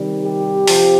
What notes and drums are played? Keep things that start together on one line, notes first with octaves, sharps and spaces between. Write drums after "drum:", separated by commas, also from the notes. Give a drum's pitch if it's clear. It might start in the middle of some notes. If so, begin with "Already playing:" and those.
Already playing: C3 D#3 G3
G4
C3 F3, drum: open hi-hat